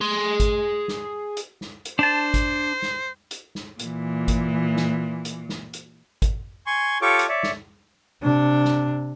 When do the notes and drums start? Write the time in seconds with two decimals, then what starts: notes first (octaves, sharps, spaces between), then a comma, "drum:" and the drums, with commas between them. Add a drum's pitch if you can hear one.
0.01 G#4 C6
0.40 drum: kick G#1, hi-hat
0.88 drum: snare
1.37 drum: hi-hat
1.61 drum: snare
1.85 drum: hi-hat
1.99 D4 C5 A5
2.34 drum: kick G#1, hi-hat
2.82 drum: snare
3.31 drum: hi-hat
3.55 drum: snare
3.79 A#2 E3, drum: hi-hat
4.28 drum: kick G#1, hi-hat
4.76 drum: snare
5.25 drum: hi-hat
5.49 drum: snare
5.73 drum: hi-hat
6.22 drum: kick G#1, hi-hat
6.66 G#5 C6 C#6
7.02 F4 G4 A4 C#5 C#6 D6
7.19 drum: hi-hat
7.29 C#5 D5 E5
7.43 drum: snare
8.22 C3 D4
8.65 drum: snare